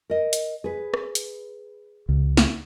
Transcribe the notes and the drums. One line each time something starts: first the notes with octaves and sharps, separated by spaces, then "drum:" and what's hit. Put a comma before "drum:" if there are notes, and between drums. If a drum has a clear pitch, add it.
A#4 D#5
drum: hi-hat
G#4 B4
drum: rim click
drum: hi-hat
C#2
drum: snare